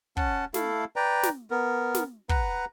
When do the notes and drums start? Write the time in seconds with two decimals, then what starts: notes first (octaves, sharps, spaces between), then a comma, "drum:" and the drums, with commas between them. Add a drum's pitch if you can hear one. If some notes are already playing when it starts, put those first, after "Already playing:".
0.17 C#4 F#5 A5, drum: kick
0.54 A3 E4 A4 F5, drum: snare
0.96 B4 D5 G5 A#5
1.23 drum: snare
1.50 B3 A#4
1.95 drum: snare
2.29 B4 F#5 A#5, drum: kick